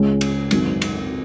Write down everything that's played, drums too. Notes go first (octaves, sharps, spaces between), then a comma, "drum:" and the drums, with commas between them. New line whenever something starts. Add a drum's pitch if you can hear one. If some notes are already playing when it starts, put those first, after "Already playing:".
Already playing: C#2 C#3 G#3 C#4
drum: cymbal
G#1 F#2 F#3 D#4, drum: cymbal
drum: cymbal